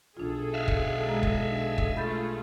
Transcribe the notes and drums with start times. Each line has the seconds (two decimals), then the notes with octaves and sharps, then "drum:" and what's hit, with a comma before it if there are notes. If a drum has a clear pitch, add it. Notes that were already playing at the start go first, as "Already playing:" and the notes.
0.17 B1 D4 F4 G#4 A4
0.54 E5 F5
0.68 drum: kick
1.06 G#3 A#5
1.23 drum: kick
1.50 D4
1.78 drum: kick
1.97 A3 F4 G#4 B5 G6 A6